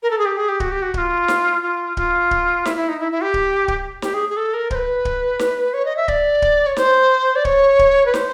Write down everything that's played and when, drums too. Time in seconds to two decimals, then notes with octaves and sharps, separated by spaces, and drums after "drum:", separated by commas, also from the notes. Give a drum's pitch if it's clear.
0.03 A#4
0.11 A4
0.18 G#4
0.25 G4
0.37 G#4
0.48 G4
0.60 F#4, drum: kick D1
0.71 G4
0.82 F#4
0.94 F#4, drum: kick D1
0.98 F4
1.28 drum: snare
1.63 F4
1.97 F4, drum: kick D1
2.31 drum: kick D1
2.65 E4, drum: snare
2.77 E4
2.88 D#4
2.99 E4
3.11 E4
3.22 G4
3.34 drum: kick D1
3.68 drum: kick D1
4.02 G4, drum: snare
4.14 G#4
4.29 G#4
4.37 A4
4.53 A#4
4.71 C5, drum: kick D1
4.75 B4
5.05 drum: kick D1
5.39 drum: snare
5.74 C#5
5.85 D#5
5.96 E5
6.08 D5, drum: kick D1
6.42 drum: kick D1
6.66 C#5
6.77 C5, drum: snare
7.35 D5
7.45 C#5, drum: kick D1
7.79 drum: kick D1
8.06 B4
8.14 C5, drum: snare